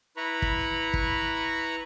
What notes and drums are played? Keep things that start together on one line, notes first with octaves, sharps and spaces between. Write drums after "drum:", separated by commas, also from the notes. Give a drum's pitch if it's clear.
E4 B4 A#5 B5 C#6
drum: kick
drum: kick